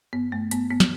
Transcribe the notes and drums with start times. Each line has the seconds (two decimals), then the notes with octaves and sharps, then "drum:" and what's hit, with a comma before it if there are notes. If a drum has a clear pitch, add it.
0.13 G2 B3
0.32 G2 A3
0.51 G2 B3, drum: hi-hat
0.71 G2 B3
0.80 drum: snare